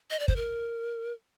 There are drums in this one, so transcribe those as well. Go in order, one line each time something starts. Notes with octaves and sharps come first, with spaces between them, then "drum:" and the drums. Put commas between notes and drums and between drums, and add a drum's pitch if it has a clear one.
D#5
D5
C5, drum: kick
A#4